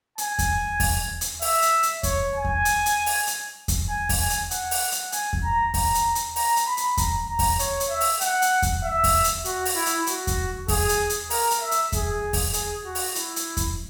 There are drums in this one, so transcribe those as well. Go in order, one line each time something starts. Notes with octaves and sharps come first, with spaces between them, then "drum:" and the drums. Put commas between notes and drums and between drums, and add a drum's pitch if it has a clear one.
G#5, drum: hi-hat
drum: kick E2, hi-hat
drum: kick E2, open hi-hat
drum: hi-hat
E5, drum: open hi-hat
drum: hi-hat
drum: hi-hat
C#5, drum: kick E2, hi-hat
G#5
drum: kick E2
drum: hi-hat
drum: hi-hat
drum: open hi-hat
drum: hi-hat
drum: kick E2, hi-hat
G#5
drum: kick E2, open hi-hat
G#5
drum: hi-hat
F#5, drum: hi-hat
drum: open hi-hat
drum: hi-hat
G#5, drum: hi-hat
drum: kick E2
A#5
A#5, drum: kick E2, open hi-hat
drum: hi-hat
drum: hi-hat
A#5, drum: open hi-hat
drum: hi-hat
B5
drum: hi-hat
A#5, drum: kick E2, hi-hat
A#5
drum: kick E2, open hi-hat
C#5, drum: hi-hat
drum: hi-hat
E5
drum: open hi-hat
F#5, drum: hi-hat
drum: hi-hat
drum: kick E2, hi-hat
E5
drum: kick E2, open hi-hat
drum: hi-hat
F#4, drum: hi-hat
drum: open hi-hat
E4
drum: hi-hat
F#4, drum: hi-hat
drum: kick E2, hi-hat
G#4, drum: kick E2, open hi-hat
drum: hi-hat
drum: hi-hat
A#4, drum: open hi-hat
drum: hi-hat
E5
drum: hi-hat
G#4, drum: kick E2, hi-hat
drum: kick E2, open hi-hat
G#4, drum: hi-hat
F#4
drum: open hi-hat
E4, drum: hi-hat
drum: hi-hat
drum: kick E2, hi-hat